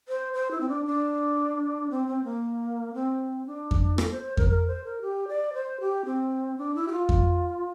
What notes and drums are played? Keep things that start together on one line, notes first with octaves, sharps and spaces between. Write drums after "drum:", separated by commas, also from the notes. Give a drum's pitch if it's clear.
C5
C5
E4
C4
D4
D4
C4
C4
A#3
C4
D4
drum: kick F2
A4, drum: rim click
C5
C5
A#4, drum: kick F2
A#4
C5
A#4
G4
D5
C5
G4
C4
D4
E4
G4
F4
drum: kick F2